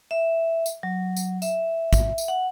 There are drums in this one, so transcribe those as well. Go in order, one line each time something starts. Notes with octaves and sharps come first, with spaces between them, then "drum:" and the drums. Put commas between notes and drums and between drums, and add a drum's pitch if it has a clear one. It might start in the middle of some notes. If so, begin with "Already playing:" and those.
E5
drum: tambourine
F#3
drum: tambourine
E5, drum: tambourine
drum: kick, tambourine
drum: tambourine
F#5